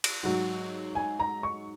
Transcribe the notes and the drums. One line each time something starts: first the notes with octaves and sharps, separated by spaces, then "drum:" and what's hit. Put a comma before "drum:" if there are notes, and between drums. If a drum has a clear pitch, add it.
drum: cymbal
G#2 F#3 F#4
G#5
A#5
C#6